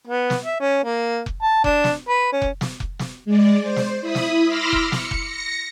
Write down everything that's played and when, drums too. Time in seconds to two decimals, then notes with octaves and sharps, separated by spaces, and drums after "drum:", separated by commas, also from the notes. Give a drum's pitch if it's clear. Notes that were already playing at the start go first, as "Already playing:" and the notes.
0.07 B3
0.30 drum: snare
0.45 E5
0.60 C#4
0.84 A#3
1.26 drum: kick F1
1.42 A5
1.64 D4, drum: kick F1
1.84 drum: snare
2.09 B4
2.32 C#4
2.42 drum: kick F1
2.61 drum: snare
2.80 drum: kick F1
2.99 drum: snare
3.25 G#3 D5
3.62 C5
3.76 drum: snare
4.01 E4 B5 D#6
4.15 drum: snare
4.47 B5 C6 D6 E6 F6 A#6
4.73 drum: kick F1
4.92 C#7, drum: snare
5.11 drum: kick F1
5.25 A#6 C#7